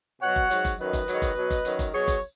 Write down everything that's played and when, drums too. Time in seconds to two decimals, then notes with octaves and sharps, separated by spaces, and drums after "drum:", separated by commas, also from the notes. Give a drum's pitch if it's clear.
0.21 B2 F#3 C#5 F#5
0.36 drum: kick F#1
0.50 G#2 F#3, drum: hi-hat
0.65 drum: kick F#1, hi-hat
0.79 F#2 D#3 F#3 B4 D#5
0.93 drum: kick F#1, hi-hat
1.08 G#2 D#3 F#3, drum: hi-hat
1.22 drum: kick F#1, hi-hat
1.36 B2 F#3
1.50 drum: kick F#1, hi-hat
1.65 F#2 D#3 F#3, drum: hi-hat
1.79 drum: kick F#1, hi-hat
1.93 B2 F#3 G#4 C#5
2.08 drum: kick F#1, hi-hat